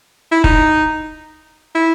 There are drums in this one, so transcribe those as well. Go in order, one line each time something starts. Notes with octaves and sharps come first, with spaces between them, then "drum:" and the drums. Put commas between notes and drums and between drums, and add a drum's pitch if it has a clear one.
E4
D#4, drum: kick
E4